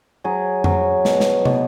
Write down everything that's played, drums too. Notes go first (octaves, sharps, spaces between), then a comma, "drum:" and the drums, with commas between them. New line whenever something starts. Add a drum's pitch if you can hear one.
F#3 G#4
F#3, drum: tom F2
B2, drum: snare
drum: snare
B2, drum: tom